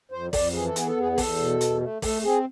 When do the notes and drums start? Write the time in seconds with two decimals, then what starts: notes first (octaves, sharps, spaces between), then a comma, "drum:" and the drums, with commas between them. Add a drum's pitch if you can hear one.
0.12 F2 C5
0.33 F2 D5, drum: kick, open hi-hat
0.54 E3 G#4
0.65 A4
0.76 B3 G#4, drum: hi-hat
0.88 A4
0.97 E2 G#4
1.12 G#4
1.18 E2 A4, drum: kick, open hi-hat
1.38 B2
1.61 E2, drum: hi-hat
1.81 A3
2.02 A3 A4, drum: kick, open hi-hat
2.24 C4 G#4